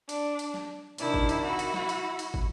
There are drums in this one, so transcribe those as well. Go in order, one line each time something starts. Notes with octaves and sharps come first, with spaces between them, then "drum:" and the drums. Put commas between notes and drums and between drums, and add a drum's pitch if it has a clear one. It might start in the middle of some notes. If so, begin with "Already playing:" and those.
D4, drum: hi-hat
drum: hi-hat
drum: snare
C3 D#3 D4 E4, drum: hi-hat
drum: kick
drum: hi-hat
E4 F#4
drum: hi-hat
drum: snare
drum: hi-hat
drum: hi-hat
drum: kick